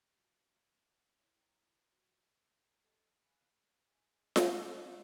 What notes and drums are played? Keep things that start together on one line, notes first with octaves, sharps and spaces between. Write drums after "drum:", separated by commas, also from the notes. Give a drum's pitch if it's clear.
F4 F#4 F5
C4 F#6
E4 C#5
G5 A#5
G4 C#5
F#4
G#4 A#4
G4 A4 D#5 G#6
F5 G#5 B5 F#6
C#5
G#4 D#5 G#5
drum: snare F4
D5